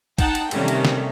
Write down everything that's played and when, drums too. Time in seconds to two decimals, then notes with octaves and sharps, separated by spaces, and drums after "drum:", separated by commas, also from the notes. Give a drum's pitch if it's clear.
0.18 D#4 F#5 G5 A5, drum: kick, cymbal
0.35 drum: cymbal
0.51 C3 D#3 G3 A3 A#3 C#4, drum: cymbal
0.68 drum: cymbal
0.85 drum: snare